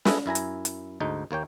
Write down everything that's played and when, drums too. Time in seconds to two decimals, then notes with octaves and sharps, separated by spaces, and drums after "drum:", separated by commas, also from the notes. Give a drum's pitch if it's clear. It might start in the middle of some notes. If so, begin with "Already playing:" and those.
0.05 G#4 A4 B4 D#5 E5, drum: snare
0.26 F#2 E4 G#5 A#5
0.35 drum: hi-hat
0.65 drum: hi-hat
1.00 D2 G#2 D#4
1.31 D#2 A#3 C#5 G5